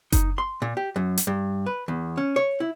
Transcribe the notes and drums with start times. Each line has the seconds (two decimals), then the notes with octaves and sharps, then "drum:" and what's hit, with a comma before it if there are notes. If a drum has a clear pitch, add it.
0.12 D#4, drum: kick F#1, hi-hat
0.38 C6
0.62 A#2
0.77 G4
0.96 F#2
1.18 drum: hi-hat
1.27 G2
1.66 B4
1.88 E2
2.17 C#4
2.36 C#5
2.60 E4